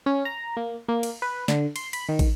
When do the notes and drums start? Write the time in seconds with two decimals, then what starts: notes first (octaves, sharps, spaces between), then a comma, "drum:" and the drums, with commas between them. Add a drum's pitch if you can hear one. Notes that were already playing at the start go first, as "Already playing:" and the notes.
0.06 C#4
0.25 A#5
0.57 A#3
0.89 A#3
1.03 drum: cymbal
1.22 B4
1.48 D3, drum: snare
1.76 C6, drum: cymbal
1.93 B5, drum: cymbal
2.09 D#3
2.19 drum: kick, cymbal